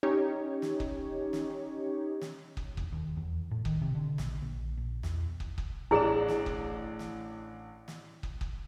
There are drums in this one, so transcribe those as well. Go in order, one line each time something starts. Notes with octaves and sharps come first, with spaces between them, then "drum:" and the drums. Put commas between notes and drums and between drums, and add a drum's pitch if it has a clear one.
C#4 D#4 G4 C#5
drum: snare
drum: kick
drum: snare
drum: snare
drum: kick
E1, drum: kick
D#2
E2
A2
D#3, drum: kick
C3
D3
A#1, drum: snare
A#1
A#1
E2, drum: snare
drum: kick
drum: kick
A1 D4 E4 G#4 E7
drum: snare
drum: kick
drum: snare
drum: snare
drum: kick
drum: kick